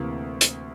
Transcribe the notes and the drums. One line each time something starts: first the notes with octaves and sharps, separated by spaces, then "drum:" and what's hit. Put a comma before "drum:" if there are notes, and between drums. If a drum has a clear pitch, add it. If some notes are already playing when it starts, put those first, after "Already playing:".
Already playing: D2 C3 E3 A#3
drum: hi-hat